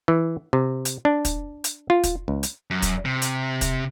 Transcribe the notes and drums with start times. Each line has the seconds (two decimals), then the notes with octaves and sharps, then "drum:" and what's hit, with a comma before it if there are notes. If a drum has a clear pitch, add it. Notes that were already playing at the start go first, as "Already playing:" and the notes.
0.08 E3
0.53 C3
0.85 drum: hi-hat
1.05 D4
1.25 drum: kick, hi-hat
1.64 drum: hi-hat
1.90 F4
2.04 drum: kick, hi-hat
2.28 C#2
2.43 drum: hi-hat
2.71 F#2
2.82 drum: kick, hi-hat
3.05 C3
3.22 drum: hi-hat
3.61 drum: kick, hi-hat